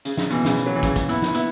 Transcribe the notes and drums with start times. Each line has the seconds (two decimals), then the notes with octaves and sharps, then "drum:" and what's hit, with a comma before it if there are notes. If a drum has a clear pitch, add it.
0.05 C#3, drum: hi-hat
0.17 C#3, drum: snare
0.30 B2 E3, drum: hi-hat
0.45 C#3, drum: snare
0.57 drum: hi-hat
0.66 F#3
0.75 E3
0.83 C#3, drum: kick, hi-hat
0.96 drum: kick, hi-hat
1.09 B3 E4, drum: hi-hat
1.22 drum: snare
1.34 B3 E4, drum: hi-hat